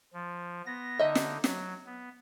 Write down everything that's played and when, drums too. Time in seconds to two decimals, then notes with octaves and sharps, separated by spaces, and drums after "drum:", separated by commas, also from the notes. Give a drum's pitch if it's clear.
0.13 F3
0.66 B3 A#6
0.99 D3 D#4 D#5 E5
1.15 drum: snare
1.44 F#3, drum: snare
1.86 B3